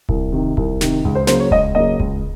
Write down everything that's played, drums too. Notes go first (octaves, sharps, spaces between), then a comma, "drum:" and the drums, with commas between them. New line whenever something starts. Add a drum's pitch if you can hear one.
C2, drum: kick D#1
C3 D#3
C2, drum: kick D#1
C3 D#3, drum: snare
C#2
C5
C#3 F#3 A#3 C5, drum: snare
C#5
C#2 D#5, drum: kick D#1
C#3 F#3 A#3 D#5
C#2, drum: kick D#1